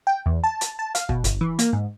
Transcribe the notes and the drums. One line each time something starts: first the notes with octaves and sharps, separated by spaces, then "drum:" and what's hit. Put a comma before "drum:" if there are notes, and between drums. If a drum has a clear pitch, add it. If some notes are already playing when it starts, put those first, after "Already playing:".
G5
E2
A5
drum: hi-hat
A5
F5, drum: hi-hat
B2, drum: kick
G1, drum: hi-hat
E3
A#3, drum: hi-hat
G#2